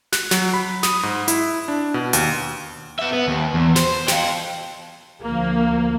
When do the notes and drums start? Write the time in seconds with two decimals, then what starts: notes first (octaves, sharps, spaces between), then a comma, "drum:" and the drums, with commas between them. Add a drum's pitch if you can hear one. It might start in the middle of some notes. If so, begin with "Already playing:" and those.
0.12 F#6, drum: snare
0.31 F#3, drum: snare
0.54 B5
0.83 D#6, drum: snare
1.03 G#2
1.28 E4, drum: hi-hat
1.68 D4
1.94 B2
2.13 D#2, drum: hi-hat
2.99 B3 E5
3.13 B3
3.27 D#2
3.54 E2
3.76 C5, drum: snare
4.08 F5 G5, drum: snare
5.23 D2 F3 A#3